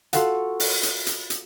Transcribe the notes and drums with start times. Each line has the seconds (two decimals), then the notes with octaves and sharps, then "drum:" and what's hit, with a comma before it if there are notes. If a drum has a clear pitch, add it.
0.13 F4 F#4 A4 F5 F#5, drum: hi-hat
0.60 drum: open hi-hat
0.83 drum: hi-hat
1.07 drum: hi-hat
1.30 drum: hi-hat